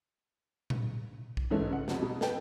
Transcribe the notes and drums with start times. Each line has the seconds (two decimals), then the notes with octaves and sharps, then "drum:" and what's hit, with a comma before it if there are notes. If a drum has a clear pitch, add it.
0.70 drum: tom A#2
1.37 drum: kick
1.51 G#2 E3 A3 C#4
1.71 C#3 F#5
1.88 F2 C3, drum: snare
2.02 B2
2.21 A4 B4 G5, drum: snare